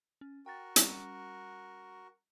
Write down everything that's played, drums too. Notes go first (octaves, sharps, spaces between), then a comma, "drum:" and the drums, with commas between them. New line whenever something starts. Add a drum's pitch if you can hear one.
C#4
F#4 A#4 G5 A6
G3 C#4, drum: hi-hat